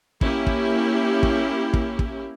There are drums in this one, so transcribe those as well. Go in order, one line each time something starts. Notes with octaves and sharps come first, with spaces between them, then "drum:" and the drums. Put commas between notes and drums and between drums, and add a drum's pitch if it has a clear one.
A#3 C#4 E4 G4, drum: kick
drum: kick
drum: kick
drum: kick
drum: kick